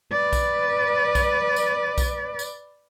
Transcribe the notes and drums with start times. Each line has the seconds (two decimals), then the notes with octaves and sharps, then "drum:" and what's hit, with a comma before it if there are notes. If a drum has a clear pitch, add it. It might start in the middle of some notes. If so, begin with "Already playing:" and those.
0.12 B4 D5
0.33 drum: kick B1, tambourine
1.15 drum: kick B1, tambourine
1.56 drum: tambourine
1.98 drum: kick B1, tambourine
2.39 drum: tambourine